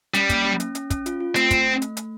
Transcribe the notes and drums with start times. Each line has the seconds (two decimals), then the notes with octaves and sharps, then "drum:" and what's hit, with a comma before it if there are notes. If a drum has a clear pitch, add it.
0.14 G3 C#4, drum: hi-hat
0.29 A#3, drum: kick, hi-hat
0.44 C#4
0.60 C#4, drum: hi-hat
0.75 C#4, drum: hi-hat
0.90 C#4, drum: kick, hi-hat
1.06 F4, drum: hi-hat
1.20 F4
1.36 A3 C4, drum: hi-hat
1.51 A3, drum: kick, hi-hat
1.66 A3
1.82 A3, drum: hi-hat
1.97 A3, drum: hi-hat